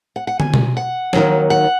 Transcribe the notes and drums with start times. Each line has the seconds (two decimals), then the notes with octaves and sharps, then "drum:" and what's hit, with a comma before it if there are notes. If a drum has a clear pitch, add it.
0.16 F#5
0.27 F#5
0.40 G#5, drum: tom
0.54 drum: tom
0.77 F#5
1.13 D#2 D#3 F#3, drum: snare
1.50 F#5